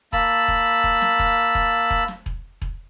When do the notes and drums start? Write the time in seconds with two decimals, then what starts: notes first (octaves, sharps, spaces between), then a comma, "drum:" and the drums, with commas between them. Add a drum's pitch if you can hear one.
0.13 A#3 A5 B5 E6, drum: kick E1
0.48 drum: kick E1
0.84 drum: kick E1
1.02 drum: snare
1.19 drum: kick E1
1.55 drum: kick E1
1.90 drum: kick E1
2.08 drum: snare
2.26 drum: kick E1
2.62 drum: kick E1